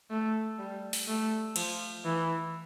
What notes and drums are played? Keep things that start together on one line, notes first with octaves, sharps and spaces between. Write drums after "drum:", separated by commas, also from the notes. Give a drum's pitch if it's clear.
A3
G3
drum: open hi-hat
A3
F3, drum: cymbal
E3